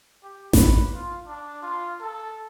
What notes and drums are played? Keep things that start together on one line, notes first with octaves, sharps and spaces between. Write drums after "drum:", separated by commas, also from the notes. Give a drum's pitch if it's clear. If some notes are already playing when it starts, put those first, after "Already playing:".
G4
B4, drum: snare A1
F4
D4
F4
A4